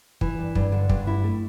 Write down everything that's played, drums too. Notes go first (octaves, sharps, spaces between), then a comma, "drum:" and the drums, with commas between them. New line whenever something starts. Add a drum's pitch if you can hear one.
E3, drum: kick
G2
G2, drum: kick
D3
G2, drum: kick
E4
A3